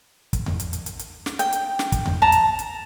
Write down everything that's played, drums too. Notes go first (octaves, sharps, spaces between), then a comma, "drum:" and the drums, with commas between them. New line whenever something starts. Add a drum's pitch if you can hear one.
drum: kick, hi-hat
drum: tom E2
drum: hi-hat
drum: hi-hat
drum: hi-hat
drum: hi-hat
drum: snare
G5, drum: hi-hat
drum: hi-hat
drum: snare
drum: kick, hi-hat
drum: tom E2
A5 A#5
drum: hi-hat
drum: hi-hat